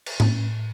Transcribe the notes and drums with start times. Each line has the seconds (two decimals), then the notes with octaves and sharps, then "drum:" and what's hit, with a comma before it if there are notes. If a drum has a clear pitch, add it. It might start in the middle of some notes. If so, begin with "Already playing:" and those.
0.06 drum: cymbal
0.20 A2 C#4, drum: tom G#2